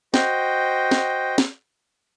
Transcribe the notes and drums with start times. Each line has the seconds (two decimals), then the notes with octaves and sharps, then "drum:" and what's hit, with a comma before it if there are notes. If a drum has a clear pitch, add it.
0.14 F#4 C5 D#5 G5, drum: snare
0.91 drum: snare
1.38 drum: snare